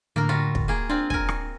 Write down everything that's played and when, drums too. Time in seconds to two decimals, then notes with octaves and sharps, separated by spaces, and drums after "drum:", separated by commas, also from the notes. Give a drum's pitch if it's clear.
0.16 A2 D3 A#3 A#4
0.29 G3 F4 F#4
0.55 drum: kick
0.68 A#3 G#4
0.89 C4 D4 F4
1.10 A#4 G#5, drum: kick
1.29 drum: rim click